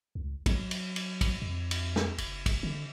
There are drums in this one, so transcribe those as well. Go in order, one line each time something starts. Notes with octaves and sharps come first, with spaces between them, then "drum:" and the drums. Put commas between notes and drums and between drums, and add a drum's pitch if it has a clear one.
C#2
F#3, drum: kick, cymbal
drum: cymbal
drum: cymbal
drum: kick, cymbal
F2
drum: cymbal
drum: snare
F#1, drum: cymbal
drum: kick, cymbal
D3